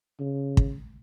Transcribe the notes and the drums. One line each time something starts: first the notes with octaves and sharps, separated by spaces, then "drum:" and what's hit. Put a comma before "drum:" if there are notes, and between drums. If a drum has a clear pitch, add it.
C#3
drum: kick